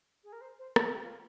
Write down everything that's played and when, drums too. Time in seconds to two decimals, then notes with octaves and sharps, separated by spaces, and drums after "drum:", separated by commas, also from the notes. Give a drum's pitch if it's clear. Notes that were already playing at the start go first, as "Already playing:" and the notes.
0.24 G#4
0.32 A#4
0.41 C5
0.58 C5
0.76 C5, drum: rim click
0.85 A#4
0.93 G4
1.03 F4